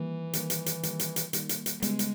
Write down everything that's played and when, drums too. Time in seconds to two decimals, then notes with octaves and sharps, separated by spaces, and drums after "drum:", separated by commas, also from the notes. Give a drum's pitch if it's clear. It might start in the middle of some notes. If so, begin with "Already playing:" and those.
Already playing: D#3 E3 G3 A#3
0.33 D#3 G3 A#3, drum: hi-hat
0.50 drum: hi-hat
0.66 drum: hi-hat
0.83 D#3 G3 A#3, drum: hi-hat
0.99 drum: hi-hat
1.16 drum: hi-hat
1.33 D#3 G3 A#3, drum: hi-hat
1.49 drum: hi-hat
1.66 drum: hi-hat
1.82 C#3 G3 G#3 B3, drum: hi-hat
1.99 drum: hi-hat